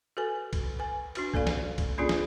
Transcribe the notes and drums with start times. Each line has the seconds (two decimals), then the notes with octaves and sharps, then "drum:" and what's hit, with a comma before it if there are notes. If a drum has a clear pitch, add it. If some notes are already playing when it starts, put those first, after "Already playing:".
0.17 F#4 A4 B4 G#5
0.53 drum: kick, cymbal
0.79 B4 G#5
1.15 D4 F#4 B4, drum: cymbal
1.34 A#3 A4 D5 F5, drum: kick
1.47 drum: snare
1.78 drum: kick, cymbal
1.98 A#3 C#4 D4 F4 G#4 D5
2.09 drum: snare